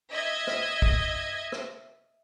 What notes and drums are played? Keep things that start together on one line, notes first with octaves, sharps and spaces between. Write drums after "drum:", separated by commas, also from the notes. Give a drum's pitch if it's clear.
D#5 E5 G#6
drum: rim click
drum: kick
drum: rim click